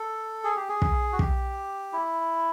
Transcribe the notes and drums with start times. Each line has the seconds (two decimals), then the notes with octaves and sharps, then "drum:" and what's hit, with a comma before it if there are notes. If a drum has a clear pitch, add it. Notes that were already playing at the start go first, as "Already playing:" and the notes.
Already playing: A4
0.44 G#4
0.57 G4
0.69 G#4
0.82 drum: kick
1.12 F#4
1.19 G4, drum: kick
1.93 E4